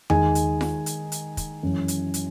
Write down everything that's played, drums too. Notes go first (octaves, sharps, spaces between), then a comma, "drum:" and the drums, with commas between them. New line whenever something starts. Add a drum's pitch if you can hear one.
D#3 G#3 D#4 G#5, drum: tom E2
drum: hi-hat
drum: snare F4
drum: hi-hat
drum: hi-hat
drum: kick, hi-hat
F#2 E3 G#3 C#4
drum: hi-hat
drum: hi-hat